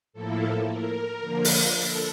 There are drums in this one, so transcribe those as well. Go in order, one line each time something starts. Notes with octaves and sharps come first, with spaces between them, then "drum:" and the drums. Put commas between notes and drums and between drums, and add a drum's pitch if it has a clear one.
A2 F3 A#3 E4 A4
A#4
D3 F3 A#3
drum: open hi-hat
A4